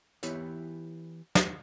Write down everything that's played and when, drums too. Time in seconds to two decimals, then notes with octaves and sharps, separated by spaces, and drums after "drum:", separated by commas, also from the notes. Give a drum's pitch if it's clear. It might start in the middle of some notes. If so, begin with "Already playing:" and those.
0.23 E3 B3 E4 G4 C#5, drum: hi-hat
1.35 drum: snare